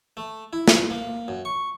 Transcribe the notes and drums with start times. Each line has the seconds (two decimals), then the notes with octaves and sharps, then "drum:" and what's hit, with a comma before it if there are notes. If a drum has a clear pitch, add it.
0.17 A3
0.53 E4
0.68 drum: snare
0.90 A#3
1.28 F#2
1.45 C#6